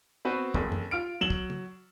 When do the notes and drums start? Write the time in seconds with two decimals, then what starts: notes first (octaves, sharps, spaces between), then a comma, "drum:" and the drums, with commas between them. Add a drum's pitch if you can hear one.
0.25 B3 C4 F#4 B4 C5
0.54 F#1 F2, drum: kick
0.72 drum: tom F#2
0.91 F4 F6 D7
1.21 F#3 E7 F#7 G7
1.30 drum: kick
1.50 drum: tom